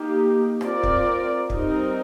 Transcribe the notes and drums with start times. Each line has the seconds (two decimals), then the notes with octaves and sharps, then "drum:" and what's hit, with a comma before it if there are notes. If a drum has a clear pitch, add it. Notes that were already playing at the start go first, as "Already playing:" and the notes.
Already playing: A#3 D#4 G4
0.61 C4 F4 A#4 D5, drum: rim click
0.83 drum: kick
1.50 G3 C4 D#4 A#4, drum: kick